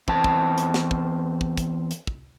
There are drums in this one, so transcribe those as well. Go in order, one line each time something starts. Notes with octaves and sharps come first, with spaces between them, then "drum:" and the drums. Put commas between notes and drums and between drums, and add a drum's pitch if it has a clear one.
E2 C4 A5, drum: kick
drum: kick
drum: hi-hat
drum: snare
drum: kick
drum: kick
drum: kick, hi-hat
drum: hi-hat
drum: kick